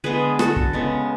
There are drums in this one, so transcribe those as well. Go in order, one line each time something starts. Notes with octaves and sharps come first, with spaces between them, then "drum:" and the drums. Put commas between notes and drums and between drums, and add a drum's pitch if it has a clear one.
D3 G#3 B3 G#4 B4
F#4 A4, drum: rim click
drum: kick
C#3 G#3 B3